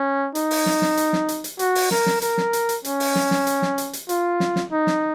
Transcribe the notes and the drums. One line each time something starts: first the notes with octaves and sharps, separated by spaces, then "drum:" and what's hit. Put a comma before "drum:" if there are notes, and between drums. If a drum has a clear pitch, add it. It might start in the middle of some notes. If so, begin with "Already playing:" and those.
Already playing: C#4
D#4, drum: hi-hat
drum: open hi-hat
drum: snare
drum: snare
drum: hi-hat
drum: snare
drum: hi-hat
drum: hi-hat
F#4, drum: hi-hat
drum: open hi-hat
A#4, drum: snare
drum: snare
A#4, drum: hi-hat
drum: snare
drum: hi-hat
drum: hi-hat
C#4, drum: hi-hat
drum: open hi-hat
drum: snare
drum: snare
drum: hi-hat
drum: snare
drum: hi-hat
drum: hi-hat
F4, drum: hi-hat
drum: snare
drum: snare
D#4
drum: snare